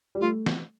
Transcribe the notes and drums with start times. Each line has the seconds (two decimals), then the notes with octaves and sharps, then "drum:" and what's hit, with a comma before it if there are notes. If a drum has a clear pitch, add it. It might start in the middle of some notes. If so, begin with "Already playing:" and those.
0.15 G3
0.20 A3 F4
0.46 drum: snare